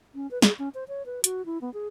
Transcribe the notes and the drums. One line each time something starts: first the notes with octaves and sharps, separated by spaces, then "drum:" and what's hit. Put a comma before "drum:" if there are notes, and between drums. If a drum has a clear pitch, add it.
C#4
B4
G#4, drum: snare
C#4
C5
C#5
B4
F#4, drum: hi-hat
E4
B3
G#4